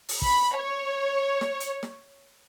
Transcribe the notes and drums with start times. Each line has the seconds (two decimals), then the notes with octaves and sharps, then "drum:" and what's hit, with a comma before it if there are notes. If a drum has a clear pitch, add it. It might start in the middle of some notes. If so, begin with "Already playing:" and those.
0.09 drum: open hi-hat
0.22 B5, drum: kick
0.56 C#5
1.41 drum: snare
1.60 drum: hi-hat
1.83 drum: snare